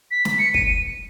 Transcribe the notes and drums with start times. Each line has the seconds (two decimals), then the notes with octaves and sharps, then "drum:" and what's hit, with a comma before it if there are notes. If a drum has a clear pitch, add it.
0.11 B6
0.25 drum: snare
0.39 C#7
0.54 D#7, drum: kick